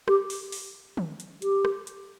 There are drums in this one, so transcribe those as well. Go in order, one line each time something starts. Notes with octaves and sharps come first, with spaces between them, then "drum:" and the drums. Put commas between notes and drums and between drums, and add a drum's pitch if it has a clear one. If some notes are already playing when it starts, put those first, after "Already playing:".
G4, drum: rim click
drum: open hi-hat
drum: open hi-hat
drum: tom
drum: hi-hat
G4, drum: hi-hat
drum: rim click
drum: hi-hat